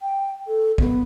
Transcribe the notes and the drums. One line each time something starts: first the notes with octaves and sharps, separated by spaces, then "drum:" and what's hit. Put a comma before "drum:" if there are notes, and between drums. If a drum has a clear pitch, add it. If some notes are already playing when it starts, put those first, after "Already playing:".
G5
A4
B3, drum: kick A#1